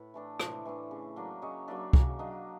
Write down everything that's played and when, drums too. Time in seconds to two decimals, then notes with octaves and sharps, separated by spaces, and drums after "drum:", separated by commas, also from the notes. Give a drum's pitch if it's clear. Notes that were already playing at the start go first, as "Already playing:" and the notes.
Already playing: A2 B4
0.14 E3 A3 D4
0.40 A2 C5 D5, drum: rim click
0.65 E3 A3 D4
0.91 C#3
1.16 F#3 A#3 D4
1.42 C#3 C#5 D#5
1.68 F#3 A#3 D4 D5 E5
1.93 C#3, drum: kick C2
2.19 F#3 A#3 D4 D#5 F5